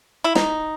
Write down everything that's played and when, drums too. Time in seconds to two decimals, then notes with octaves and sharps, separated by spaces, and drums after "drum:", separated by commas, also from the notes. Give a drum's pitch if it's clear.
0.24 E4
0.35 D#4, drum: snare